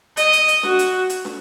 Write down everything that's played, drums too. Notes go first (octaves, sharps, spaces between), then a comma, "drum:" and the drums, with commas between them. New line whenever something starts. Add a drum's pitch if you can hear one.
D#5, drum: hi-hat
drum: hi-hat
drum: hi-hat
F#4, drum: snare
drum: hi-hat
drum: hi-hat
drum: snare